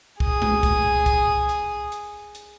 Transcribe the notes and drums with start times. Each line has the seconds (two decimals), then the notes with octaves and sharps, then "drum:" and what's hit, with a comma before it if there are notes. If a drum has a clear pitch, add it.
0.20 G#4 D#6, drum: kick C2
0.42 drum: tom G#3
0.63 drum: kick C2, hi-hat
1.06 drum: kick C2, hi-hat
1.49 drum: hi-hat
1.92 drum: hi-hat
2.35 drum: hi-hat